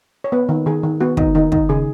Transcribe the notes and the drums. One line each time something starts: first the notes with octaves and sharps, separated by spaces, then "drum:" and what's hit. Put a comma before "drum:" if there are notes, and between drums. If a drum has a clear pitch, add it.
C#5
B3 B4
D#3
D#3 G#4
D#3
B3 F#4
D#3 D#4, drum: kick
D#3 D#4
D#3 D#4, drum: kick
C#3 G#4